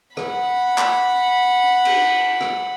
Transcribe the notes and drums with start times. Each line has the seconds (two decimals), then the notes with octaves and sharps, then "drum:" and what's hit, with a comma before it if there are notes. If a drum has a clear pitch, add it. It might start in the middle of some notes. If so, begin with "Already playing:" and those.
0.17 F#5 B5, drum: rim click
0.78 drum: clap
1.85 drum: cymbal
2.40 drum: rim click